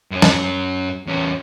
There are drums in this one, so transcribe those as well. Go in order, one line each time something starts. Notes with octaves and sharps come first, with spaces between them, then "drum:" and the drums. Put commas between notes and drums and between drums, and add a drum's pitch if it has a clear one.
F#2 C#4
drum: snare
E2 C#4